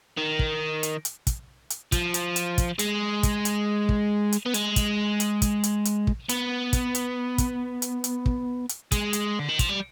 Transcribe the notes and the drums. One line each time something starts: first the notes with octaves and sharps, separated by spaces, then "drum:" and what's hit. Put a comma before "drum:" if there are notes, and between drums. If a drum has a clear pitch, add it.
D#3
drum: kick
drum: hi-hat
drum: hi-hat
drum: kick, hi-hat
drum: hi-hat
F3, drum: kick, hi-hat
drum: hi-hat
drum: hi-hat
drum: kick, hi-hat
G#3, drum: hi-hat
drum: kick, hi-hat
drum: hi-hat
drum: kick
drum: hi-hat
B3
G#3, drum: hi-hat
drum: kick, hi-hat
drum: hi-hat
drum: kick, hi-hat
drum: hi-hat
drum: hi-hat
drum: kick
B3, drum: hi-hat
drum: kick, hi-hat
drum: hi-hat
drum: kick, hi-hat
drum: hi-hat
drum: hi-hat
drum: kick
drum: hi-hat
G#3, drum: kick, hi-hat
drum: hi-hat
D3
D#3
F3, drum: kick, hi-hat
G3